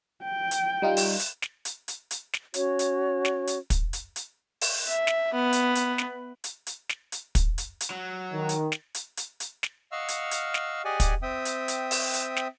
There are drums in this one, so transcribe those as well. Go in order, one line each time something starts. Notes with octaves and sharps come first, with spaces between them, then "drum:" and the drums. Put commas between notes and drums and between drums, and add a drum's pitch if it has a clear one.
G5
drum: hi-hat
G3 D#4 F4
drum: open hi-hat
drum: hi-hat
drum: snare
drum: hi-hat
drum: hi-hat
drum: hi-hat
drum: snare
C#4 F#4 C#5, drum: hi-hat
drum: hi-hat
drum: snare
drum: hi-hat
drum: kick, hi-hat
drum: hi-hat
drum: hi-hat
drum: open hi-hat
E5
drum: snare
B3
drum: hi-hat
drum: hi-hat
drum: snare
drum: hi-hat
drum: hi-hat
drum: snare
drum: hi-hat
drum: kick, hi-hat
drum: hi-hat
drum: hi-hat
F#3
D#3
drum: hi-hat
drum: snare
drum: hi-hat
drum: hi-hat
drum: hi-hat
drum: snare
D#5 F5 F#5 C#6 E6 F6
drum: hi-hat
drum: hi-hat
drum: snare
G4 G#4 D5 D#5 F#5 G#5
drum: kick, hi-hat
C4 E5 G5 D#6
drum: hi-hat
drum: hi-hat
drum: open hi-hat
drum: hi-hat
drum: snare